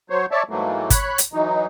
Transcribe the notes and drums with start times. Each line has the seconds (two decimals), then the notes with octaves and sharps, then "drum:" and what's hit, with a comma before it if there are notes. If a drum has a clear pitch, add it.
0.10 F#3 C5 C#5
0.31 C#5 D5 E5 A5
0.50 G#2 E3 F#3 A3 A#3
0.90 C#5 B5 F#6, drum: kick, hi-hat
1.18 drum: hi-hat
1.33 E3 F#3 D#4